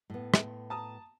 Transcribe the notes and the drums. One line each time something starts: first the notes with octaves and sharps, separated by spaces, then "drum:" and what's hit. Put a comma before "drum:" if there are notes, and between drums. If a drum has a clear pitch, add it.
A2 B3
drum: rim click
A5 A#5 D#6